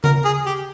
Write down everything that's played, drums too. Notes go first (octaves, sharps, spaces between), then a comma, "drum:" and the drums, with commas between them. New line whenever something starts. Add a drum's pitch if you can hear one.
A#4, drum: tom C#3
G#4
G4